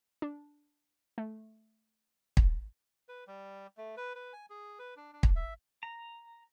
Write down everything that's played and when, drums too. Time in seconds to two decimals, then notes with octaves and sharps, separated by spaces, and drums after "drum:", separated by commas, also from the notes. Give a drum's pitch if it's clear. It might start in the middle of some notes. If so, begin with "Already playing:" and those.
0.22 D4
1.18 A3
2.37 drum: kick
3.09 B4
3.27 G3
3.77 A3
3.97 B4
4.15 B4
4.33 G#5
4.50 G#4
4.79 B4
4.97 D4
5.13 D4
5.23 drum: kick
5.36 E5
5.83 A#5